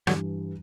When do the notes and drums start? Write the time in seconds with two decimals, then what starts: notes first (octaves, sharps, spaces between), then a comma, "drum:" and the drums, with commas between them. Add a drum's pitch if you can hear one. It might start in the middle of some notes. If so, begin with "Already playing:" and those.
0.07 G2 D3 E3 F#3 G3, drum: rim click